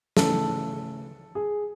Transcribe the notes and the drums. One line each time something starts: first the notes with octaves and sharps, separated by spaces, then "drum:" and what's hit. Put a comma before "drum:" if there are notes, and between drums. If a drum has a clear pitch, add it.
C#3 E3 A3 A4, drum: snare
G#4